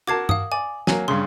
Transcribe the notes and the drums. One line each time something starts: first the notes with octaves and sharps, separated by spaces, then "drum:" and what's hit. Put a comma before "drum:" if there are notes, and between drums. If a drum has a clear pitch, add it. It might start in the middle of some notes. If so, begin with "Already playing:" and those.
F#4 A#4 A5 D6 G#6 C7
F5 D#6, drum: tom G2
D5 G#5
F#3 A#3 G#5, drum: snare
G2 C#3 C6